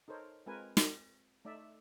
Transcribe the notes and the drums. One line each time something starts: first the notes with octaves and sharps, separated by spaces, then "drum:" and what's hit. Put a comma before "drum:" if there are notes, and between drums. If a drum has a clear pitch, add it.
D#4 A4 A#4 C5 C#5
G#3 C4 F4 A#4 B4 G#5
drum: snare
A3 D#4 D5 E5